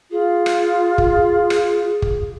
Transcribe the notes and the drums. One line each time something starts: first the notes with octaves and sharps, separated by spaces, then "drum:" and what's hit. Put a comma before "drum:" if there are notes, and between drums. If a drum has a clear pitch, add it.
F4 G#4
drum: rim click
drum: kick
drum: rim click
drum: kick